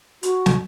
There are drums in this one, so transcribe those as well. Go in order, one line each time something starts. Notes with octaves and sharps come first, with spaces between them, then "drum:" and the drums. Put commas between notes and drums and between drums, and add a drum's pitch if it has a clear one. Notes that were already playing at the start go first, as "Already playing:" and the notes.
F#4, drum: hi-hat
drum: snare